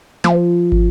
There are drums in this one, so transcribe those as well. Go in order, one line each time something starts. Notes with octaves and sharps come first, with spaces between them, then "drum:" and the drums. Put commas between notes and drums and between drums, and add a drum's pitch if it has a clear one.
F3, drum: snare
drum: kick